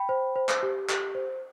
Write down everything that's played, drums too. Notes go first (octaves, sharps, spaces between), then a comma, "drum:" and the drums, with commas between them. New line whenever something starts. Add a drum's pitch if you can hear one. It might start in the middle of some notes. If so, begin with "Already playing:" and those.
Already playing: G5 B5
C5
C5
drum: clap
G4
G4, drum: clap
C5